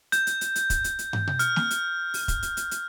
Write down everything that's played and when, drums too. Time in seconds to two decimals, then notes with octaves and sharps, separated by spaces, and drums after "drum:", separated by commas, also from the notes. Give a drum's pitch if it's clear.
0.12 G6, drum: hi-hat
0.27 drum: hi-hat
0.41 drum: hi-hat
0.56 drum: hi-hat
0.70 drum: kick, hi-hat
0.84 drum: hi-hat
0.99 drum: hi-hat
1.13 drum: tom
1.27 drum: tom B2
1.39 F6, drum: hi-hat
1.56 drum: snare
1.71 drum: hi-hat
2.14 drum: open hi-hat
2.28 drum: kick, hi-hat
2.43 drum: hi-hat
2.57 drum: hi-hat
2.71 drum: hi-hat